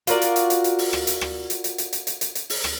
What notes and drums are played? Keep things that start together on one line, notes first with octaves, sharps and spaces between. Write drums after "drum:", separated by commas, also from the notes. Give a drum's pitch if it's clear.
F4 F#4 A#4 D5, drum: hi-hat
drum: hi-hat
drum: hi-hat
drum: hi-hat
drum: hi-hat
drum: open hi-hat
drum: rim click
drum: hi-hat
drum: rim click
drum: hi-hat
drum: hi-hat
drum: hi-hat
drum: hi-hat
drum: hi-hat
drum: hi-hat
drum: hi-hat
drum: open hi-hat
drum: rim click